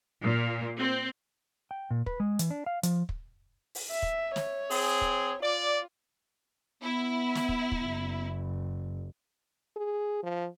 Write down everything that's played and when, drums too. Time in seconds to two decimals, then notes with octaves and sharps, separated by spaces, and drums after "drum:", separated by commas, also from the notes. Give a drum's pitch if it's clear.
0.23 A#2
0.79 C4
1.71 G5
1.91 A#2
2.06 B4, drum: kick
2.20 G#3
2.39 E3, drum: hi-hat
2.51 D4
2.66 F5
2.83 F3, drum: hi-hat
3.09 drum: kick
3.75 drum: open hi-hat
3.91 E5
4.02 drum: kick
4.36 C#5, drum: snare
4.70 C4 G#4, drum: open hi-hat
5.01 drum: kick
5.43 F4 D5
6.82 B3 E4
7.35 drum: snare
7.49 drum: kick
7.72 drum: kick
7.83 F#1
9.76 G#4
10.23 F3